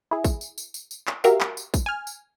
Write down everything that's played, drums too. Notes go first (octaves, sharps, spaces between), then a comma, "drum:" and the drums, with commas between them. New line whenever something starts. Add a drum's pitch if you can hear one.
E4 G#4
drum: kick, tambourine
drum: tambourine
drum: tambourine
drum: tambourine
drum: tambourine
drum: clap
F#4 G4 A#4 E5 F5, drum: tambourine
drum: clap
drum: tambourine
drum: kick, tambourine
G#5 F6
drum: tambourine